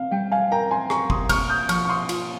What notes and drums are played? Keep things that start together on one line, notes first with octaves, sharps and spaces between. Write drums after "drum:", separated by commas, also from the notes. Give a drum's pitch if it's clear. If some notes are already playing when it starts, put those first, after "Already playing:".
Already playing: C4 F5
G3 G5
F5 G#5
A#4 G5 A#5
G#5 C6
G4 A#5 C#6, drum: rim click
C6 D#6, drum: kick
A#3 C#6 F6, drum: kick, cymbal
D#6 G6
F3 C#6 F6, drum: cymbal
C#6
C6 D#6
F4, drum: cymbal